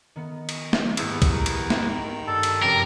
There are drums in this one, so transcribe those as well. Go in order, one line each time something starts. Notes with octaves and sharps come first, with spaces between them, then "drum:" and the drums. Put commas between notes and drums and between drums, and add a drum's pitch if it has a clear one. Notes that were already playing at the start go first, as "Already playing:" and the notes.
D#3 B3
drum: cymbal
drum: snare
E2 G#2 B3 G4 E6, drum: cymbal
drum: kick, cymbal
A#4
drum: cymbal
drum: snare
D#3 B5
G2 A4 A5
drum: cymbal
F1 F#2 G4 A#4 B5